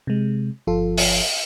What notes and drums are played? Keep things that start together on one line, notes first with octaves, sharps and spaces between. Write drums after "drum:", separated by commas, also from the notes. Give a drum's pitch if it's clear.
C3 G#3
G1 F3 F4 A4
drum: open hi-hat